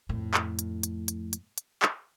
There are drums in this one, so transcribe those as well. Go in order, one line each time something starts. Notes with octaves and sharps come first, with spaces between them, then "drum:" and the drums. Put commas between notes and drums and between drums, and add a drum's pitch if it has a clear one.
F2 A2
drum: clap
drum: hi-hat
drum: hi-hat
drum: hi-hat
drum: hi-hat
drum: hi-hat
drum: clap